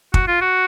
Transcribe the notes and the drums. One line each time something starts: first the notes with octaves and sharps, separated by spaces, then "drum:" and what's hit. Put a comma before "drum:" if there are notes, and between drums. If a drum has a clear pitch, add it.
F#4, drum: kick
F4
F#4